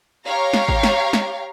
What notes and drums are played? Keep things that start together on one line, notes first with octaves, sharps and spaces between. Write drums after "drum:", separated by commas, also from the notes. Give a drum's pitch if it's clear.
G4 C#5 F5 A#5
drum: snare
drum: kick G#1
drum: snare
drum: snare